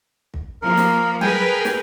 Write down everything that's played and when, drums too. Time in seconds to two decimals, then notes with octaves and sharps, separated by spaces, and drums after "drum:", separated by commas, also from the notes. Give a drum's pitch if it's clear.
0.34 drum: kick
0.62 F3 A#3 A#4
0.77 drum: snare
1.21 G#4 A#4 B4 G5 G#5, drum: tom F#3
1.65 drum: snare